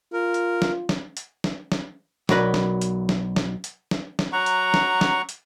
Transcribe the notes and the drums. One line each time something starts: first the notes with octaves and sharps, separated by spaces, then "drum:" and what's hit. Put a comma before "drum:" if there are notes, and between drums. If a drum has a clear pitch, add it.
F4 A#4
drum: hi-hat
drum: snare
drum: snare
drum: hi-hat
drum: snare
drum: snare
B1 F#3 A#4 B4 D5, drum: snare
drum: snare
drum: hi-hat
drum: snare
drum: snare
drum: hi-hat
drum: snare
drum: snare
F#3 F#5 A#5 C#6
drum: hi-hat
drum: snare
drum: snare
drum: hi-hat